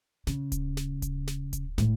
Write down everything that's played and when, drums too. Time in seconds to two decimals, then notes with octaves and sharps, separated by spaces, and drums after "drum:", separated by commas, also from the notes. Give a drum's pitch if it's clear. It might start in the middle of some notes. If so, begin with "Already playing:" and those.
0.27 C#3, drum: snare
0.52 drum: kick D1, hi-hat
0.77 drum: snare
1.02 drum: kick D1, hi-hat
1.27 drum: snare
1.53 drum: kick D1, hi-hat
1.78 A2, drum: snare